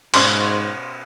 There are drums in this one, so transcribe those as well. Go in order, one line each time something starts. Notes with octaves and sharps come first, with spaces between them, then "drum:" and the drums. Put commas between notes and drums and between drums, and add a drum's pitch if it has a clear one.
G#2 B2 C#4 C5 C6 C#6, drum: cymbal